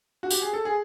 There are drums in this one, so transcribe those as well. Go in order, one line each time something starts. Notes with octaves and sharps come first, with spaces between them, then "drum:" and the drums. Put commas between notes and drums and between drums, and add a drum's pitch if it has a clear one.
F#4
G4, drum: tambourine
G#4
A4
G#4